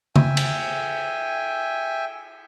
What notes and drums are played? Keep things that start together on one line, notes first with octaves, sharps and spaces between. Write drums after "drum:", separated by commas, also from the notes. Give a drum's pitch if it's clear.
E5 G5 G#5, drum: tom C#3
drum: cymbal